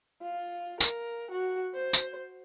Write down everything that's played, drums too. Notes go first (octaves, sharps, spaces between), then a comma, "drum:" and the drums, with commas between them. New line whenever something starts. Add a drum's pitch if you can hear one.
F4
A#4, drum: tambourine
F#4
C5
drum: tambourine